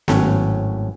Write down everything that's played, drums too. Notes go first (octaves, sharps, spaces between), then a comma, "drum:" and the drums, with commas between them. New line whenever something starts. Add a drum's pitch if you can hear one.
G#1 A2 F#3 C#4, drum: snare B3